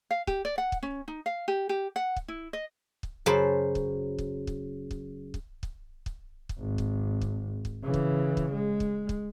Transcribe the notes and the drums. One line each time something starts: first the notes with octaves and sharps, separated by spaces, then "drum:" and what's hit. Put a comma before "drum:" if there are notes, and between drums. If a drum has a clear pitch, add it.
F5
G4, drum: kick
D5
F#5
drum: kick
C#4
D#4
F5
G4
G4
F#5
drum: kick
E4
D#5
drum: kick
F#2 C#3 C5 A5 B5
drum: kick
drum: kick
drum: kick
drum: kick
drum: kick
drum: kick
drum: kick
drum: kick
G#1
drum: kick
drum: kick
drum: kick
C#3 E3
drum: kick
drum: kick
G#3
drum: kick
drum: kick